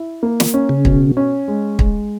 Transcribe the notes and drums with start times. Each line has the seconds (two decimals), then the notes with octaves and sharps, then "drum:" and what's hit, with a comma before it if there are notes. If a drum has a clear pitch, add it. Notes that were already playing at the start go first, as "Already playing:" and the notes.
Already playing: E4
0.23 A#3
0.40 drum: snare
0.54 C#4
0.69 C#3
0.85 B2, drum: kick
1.17 C#4
1.48 G#3
1.79 G#3, drum: kick